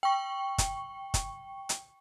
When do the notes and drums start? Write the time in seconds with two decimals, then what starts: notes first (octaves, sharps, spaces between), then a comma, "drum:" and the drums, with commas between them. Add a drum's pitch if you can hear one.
0.03 G5 C#6
0.58 drum: kick, hi-hat
1.14 drum: kick, hi-hat
1.69 drum: hi-hat